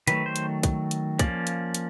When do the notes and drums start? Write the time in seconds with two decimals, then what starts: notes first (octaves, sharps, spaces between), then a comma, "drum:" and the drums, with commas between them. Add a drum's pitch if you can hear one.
0.07 D#3 F#3 A3 B4, drum: hi-hat
0.26 C5
0.36 drum: hi-hat
0.63 drum: kick, hi-hat
0.91 drum: hi-hat
1.19 F3 A#3 C#4 D5, drum: kick, hi-hat
1.47 drum: hi-hat
1.74 drum: hi-hat